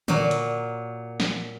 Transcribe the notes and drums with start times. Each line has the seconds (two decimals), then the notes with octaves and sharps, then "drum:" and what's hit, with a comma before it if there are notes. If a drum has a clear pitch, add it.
0.08 A#2 F#3, drum: tom D3
0.31 drum: hi-hat
1.20 drum: snare